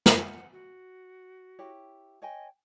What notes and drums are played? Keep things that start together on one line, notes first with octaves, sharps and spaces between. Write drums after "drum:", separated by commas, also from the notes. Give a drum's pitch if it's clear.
F#5, drum: snare
F#4
E4 G4 C#5
C#5 D#5 G5 G#5